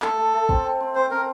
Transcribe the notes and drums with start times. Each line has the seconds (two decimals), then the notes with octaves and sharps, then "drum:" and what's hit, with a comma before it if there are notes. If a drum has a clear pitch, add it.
0.02 A3 A4, drum: clap
0.17 A3
0.33 A3
0.49 C4, drum: kick
0.65 C4
0.80 C4
0.95 C4 C5
1.11 C4 A#4